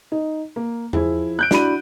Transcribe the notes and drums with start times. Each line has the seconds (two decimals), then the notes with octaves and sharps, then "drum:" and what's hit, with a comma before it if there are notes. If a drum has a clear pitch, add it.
0.12 D#4
0.56 A#3
0.93 F3 E4 G#4, drum: tom E2
1.39 F#6 G6 D7
1.51 D4 E4 F#4 B5 D#7, drum: snare